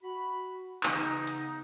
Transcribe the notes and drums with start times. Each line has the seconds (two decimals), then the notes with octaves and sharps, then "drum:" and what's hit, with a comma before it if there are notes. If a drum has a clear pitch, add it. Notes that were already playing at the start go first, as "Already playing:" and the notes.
0.02 F#4 B5
0.83 C#3 E3 B3 D#4, drum: clap
1.27 drum: hi-hat